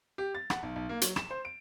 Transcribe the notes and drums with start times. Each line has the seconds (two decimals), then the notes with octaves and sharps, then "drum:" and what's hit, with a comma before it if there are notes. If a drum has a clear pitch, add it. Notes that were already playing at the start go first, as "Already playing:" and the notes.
0.18 G4
0.35 A6
0.50 F#5, drum: rim click
0.63 B1
0.76 B1
0.89 A#3
1.01 F#3, drum: hi-hat
1.16 E7, drum: rim click
1.31 C5
1.45 D7